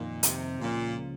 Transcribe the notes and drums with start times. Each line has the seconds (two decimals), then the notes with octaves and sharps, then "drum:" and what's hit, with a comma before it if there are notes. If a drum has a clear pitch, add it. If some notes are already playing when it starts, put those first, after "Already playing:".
Already playing: F2 A#2 D#3 A#3 D#4
0.23 C3, drum: hi-hat
0.61 C#2 A#2 C#3 F3 A#3